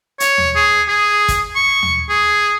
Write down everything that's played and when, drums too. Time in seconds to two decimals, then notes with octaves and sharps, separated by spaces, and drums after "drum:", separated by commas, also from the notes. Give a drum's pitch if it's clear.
0.20 C#5, drum: hi-hat
0.38 drum: tom D#2
0.56 G#4
0.89 G#4
1.28 drum: kick, hi-hat
1.56 C#6
1.83 drum: tom D#2
2.10 G#4